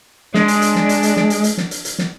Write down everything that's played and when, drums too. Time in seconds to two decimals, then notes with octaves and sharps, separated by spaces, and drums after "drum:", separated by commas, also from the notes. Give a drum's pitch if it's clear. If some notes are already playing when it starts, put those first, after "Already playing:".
0.34 G#3 D4, drum: snare
0.48 drum: hi-hat
0.62 drum: hi-hat
0.75 drum: snare
0.89 drum: hi-hat
1.03 drum: hi-hat
1.16 drum: snare
1.30 drum: hi-hat
1.44 drum: hi-hat
1.57 drum: snare
1.71 drum: hi-hat
1.85 drum: hi-hat
1.98 drum: snare